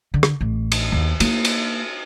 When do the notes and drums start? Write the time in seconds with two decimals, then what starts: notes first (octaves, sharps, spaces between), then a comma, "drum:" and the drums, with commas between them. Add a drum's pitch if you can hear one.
0.14 D3
0.23 drum: rim click
0.41 A1
0.72 drum: cymbal
0.92 D#2
1.20 A#3, drum: cymbal
1.45 drum: cymbal